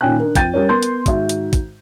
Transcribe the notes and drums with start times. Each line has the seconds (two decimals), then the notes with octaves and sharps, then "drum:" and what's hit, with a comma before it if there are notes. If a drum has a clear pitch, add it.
0.01 A#2 D#3 C#4 G5 G#5 F#6
0.19 D4 A#4
0.35 F2 G5 G6 A6 D#7, drum: kick, hi-hat
0.53 G3 C#4 A#4 C#5
0.69 B3 A#4 C6 G6
0.83 drum: hi-hat
1.06 G#2 D#3 F#4 E5, drum: kick, hi-hat
1.29 drum: hi-hat
1.53 drum: kick, hi-hat